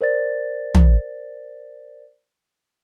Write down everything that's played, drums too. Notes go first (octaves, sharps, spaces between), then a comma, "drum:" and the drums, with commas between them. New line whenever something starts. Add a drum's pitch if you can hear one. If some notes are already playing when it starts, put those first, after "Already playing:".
A#4 C5 D5 A6
drum: tom